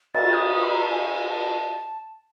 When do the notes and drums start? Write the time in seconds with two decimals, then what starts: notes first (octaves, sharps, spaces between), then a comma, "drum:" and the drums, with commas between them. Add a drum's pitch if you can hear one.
0.14 A6, drum: cymbal
0.34 D#6
0.54 D#6
0.63 B5
0.72 A#5
0.82 A5
0.91 G#5
1.30 A5